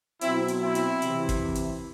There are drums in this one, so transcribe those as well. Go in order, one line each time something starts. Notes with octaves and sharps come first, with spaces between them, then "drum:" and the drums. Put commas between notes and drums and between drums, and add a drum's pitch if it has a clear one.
B2 F#3 C4 E4, drum: hi-hat
drum: hi-hat
C4 E4
drum: hi-hat
C3 E3, drum: hi-hat
drum: kick, hi-hat
drum: hi-hat